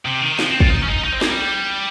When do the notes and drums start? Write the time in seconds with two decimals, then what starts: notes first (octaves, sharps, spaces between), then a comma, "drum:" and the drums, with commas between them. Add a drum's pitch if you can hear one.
0.05 C3
0.21 D#3
0.39 F3, drum: snare
0.50 C4
0.60 F4, drum: kick
0.71 D#4
0.83 C#4
0.89 D#4
1.04 D#4
1.13 C4
1.21 A#3, drum: snare
1.30 G3